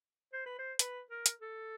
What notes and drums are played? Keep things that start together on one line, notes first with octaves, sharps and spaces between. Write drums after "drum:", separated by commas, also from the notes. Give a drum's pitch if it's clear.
C5
B4
C5
B4, drum: hi-hat
A#4
drum: hi-hat
A4